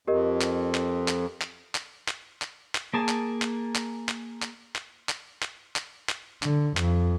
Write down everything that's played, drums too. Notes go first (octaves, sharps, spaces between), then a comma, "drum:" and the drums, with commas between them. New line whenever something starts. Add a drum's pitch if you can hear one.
F2 G4 A#4 D#5
drum: clap
drum: clap
drum: clap
drum: clap
drum: clap
drum: clap
drum: clap
drum: clap
A#3 G#4 A5
drum: clap
drum: clap
drum: clap
drum: clap
drum: clap
drum: clap
drum: clap
drum: clap
drum: clap
drum: clap
D3, drum: clap
F2, drum: clap